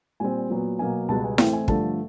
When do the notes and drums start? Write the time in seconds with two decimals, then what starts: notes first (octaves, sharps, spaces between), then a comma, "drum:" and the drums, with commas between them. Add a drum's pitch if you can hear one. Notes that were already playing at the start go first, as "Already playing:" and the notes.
0.20 A#2 G3 C4 G#5
0.50 A#2 F#3 B3
0.79 B2 F#3 A#3 G#5
1.09 C#2 B2 G3 B3 A5
1.24 G#5
1.38 A2 E3 A3 C4 G5, drum: snare E4
1.53 G#5
1.68 G2 D3 F3 A3 A5, drum: kick